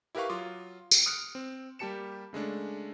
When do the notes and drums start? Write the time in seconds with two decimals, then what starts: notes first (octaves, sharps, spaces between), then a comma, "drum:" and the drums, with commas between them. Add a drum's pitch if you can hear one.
0.15 E4 G4 A#4 B4 F5 C#6
0.29 F#3 F4 C6 D6 D#6
0.91 drum: tambourine
1.06 D#6 F6 F#6 C#7 D7
1.35 C4
1.79 G3 A#3 G4 A5 C#7 E7
2.33 C#3 G#3 A3 D4